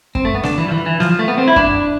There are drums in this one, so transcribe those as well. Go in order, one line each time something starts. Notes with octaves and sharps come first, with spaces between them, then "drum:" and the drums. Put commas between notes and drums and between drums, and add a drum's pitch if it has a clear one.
C4, drum: kick F#2
A3
B3
D4, drum: snare
E3
F3
E3
E3
F3, drum: snare
F3
A3
B3
C4
E4
D4, drum: kick F#2